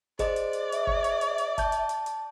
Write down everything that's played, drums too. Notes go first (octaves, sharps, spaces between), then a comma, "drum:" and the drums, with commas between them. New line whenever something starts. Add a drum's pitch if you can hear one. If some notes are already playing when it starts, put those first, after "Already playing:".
G#4 C5 D5 D#5, drum: kick F#1, hi-hat
drum: hi-hat
drum: hi-hat
E5, drum: hi-hat
drum: kick F#1
drum: hi-hat
drum: hi-hat
drum: hi-hat
A5 G6, drum: kick F#1, hi-hat
drum: hi-hat
drum: hi-hat
drum: hi-hat